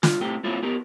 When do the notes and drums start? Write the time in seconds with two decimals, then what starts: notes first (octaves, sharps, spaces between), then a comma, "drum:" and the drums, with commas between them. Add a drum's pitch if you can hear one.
0.03 C2 F4, drum: snare
0.21 A2 C4 G4 G5
0.44 A#3 C4 C#4 E4 F4
0.62 B3 G4 A#4